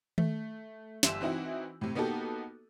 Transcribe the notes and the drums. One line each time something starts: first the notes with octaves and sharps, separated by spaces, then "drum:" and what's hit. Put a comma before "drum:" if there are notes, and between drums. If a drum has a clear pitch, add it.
A3, drum: tom D#3
G1 G4 E5 C6 E6 E7, drum: snare
E3 C4 D#4 E4 F#4
A2 C3
A#3 B3 D#4 F#4 G4 A4